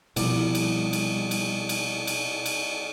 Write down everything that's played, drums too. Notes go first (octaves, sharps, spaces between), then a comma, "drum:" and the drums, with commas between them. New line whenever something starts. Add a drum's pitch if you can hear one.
C2 B2 F3 G3, drum: cymbal
drum: cymbal
drum: cymbal
drum: cymbal
drum: cymbal
drum: cymbal
drum: cymbal